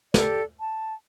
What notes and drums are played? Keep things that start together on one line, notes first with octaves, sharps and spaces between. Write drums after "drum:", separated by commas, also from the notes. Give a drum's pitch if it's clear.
G4 A4 D5, drum: snare
A5